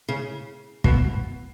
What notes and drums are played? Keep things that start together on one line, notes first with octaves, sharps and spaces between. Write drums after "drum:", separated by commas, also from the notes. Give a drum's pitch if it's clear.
C#3
B2, drum: kick